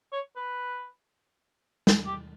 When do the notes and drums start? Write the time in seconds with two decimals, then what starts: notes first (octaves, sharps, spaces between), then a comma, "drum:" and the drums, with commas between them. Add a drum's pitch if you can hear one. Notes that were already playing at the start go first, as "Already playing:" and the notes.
0.13 C#5
0.36 B4
1.87 drum: snare
2.06 G4